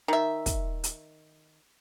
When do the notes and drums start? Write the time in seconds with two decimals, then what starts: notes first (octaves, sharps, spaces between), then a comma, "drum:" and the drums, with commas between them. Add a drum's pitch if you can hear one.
0.08 D#3 E5
0.46 drum: kick, hi-hat
0.84 drum: hi-hat